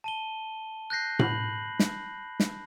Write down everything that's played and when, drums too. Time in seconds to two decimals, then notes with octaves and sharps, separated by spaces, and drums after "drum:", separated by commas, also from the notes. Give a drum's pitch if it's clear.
0.04 A5 D#7 G7
0.90 F#6 G6 A#6 C7
1.19 B5 F#7, drum: tom A2
1.79 drum: snare
2.40 drum: snare